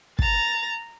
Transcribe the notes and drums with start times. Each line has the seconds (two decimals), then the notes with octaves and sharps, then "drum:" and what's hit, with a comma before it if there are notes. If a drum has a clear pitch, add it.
0.19 A#5 A6, drum: kick